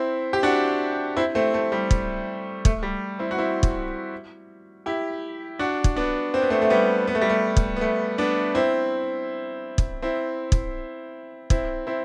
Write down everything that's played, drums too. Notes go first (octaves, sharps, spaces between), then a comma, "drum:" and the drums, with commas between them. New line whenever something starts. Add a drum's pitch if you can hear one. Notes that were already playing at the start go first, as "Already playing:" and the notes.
Already playing: C4 E4
G4
D4 F#4
C4 E4
A3 C4
A3
G3
drum: kick
A3, drum: kick
G3
C4 E4
F#4
C4 E4
drum: kick
E4 G4
D4 F#4
drum: kick
B3 D4
C4
B3
A3 C4
A3
G3 B3
B3
A3
G3
A3
drum: kick
B3
A3
B3 D4
C4 E4
drum: kick
C4 E4
drum: kick
C4 E4, drum: kick
C4 E4